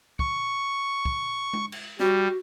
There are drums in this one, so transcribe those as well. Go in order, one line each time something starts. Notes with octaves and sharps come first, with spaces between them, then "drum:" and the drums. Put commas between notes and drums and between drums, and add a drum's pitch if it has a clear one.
C#6, drum: kick
drum: kick
drum: tom G#3
drum: cymbal
G3 F#4, drum: snare